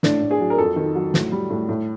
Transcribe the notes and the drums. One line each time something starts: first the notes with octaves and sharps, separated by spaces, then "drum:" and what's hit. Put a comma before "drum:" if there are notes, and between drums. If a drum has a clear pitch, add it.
A2 D4, drum: snare
A2
G#4
F#3
A#4
F2 A4
D#3
F#3
A2, drum: snare
G3
A2
A2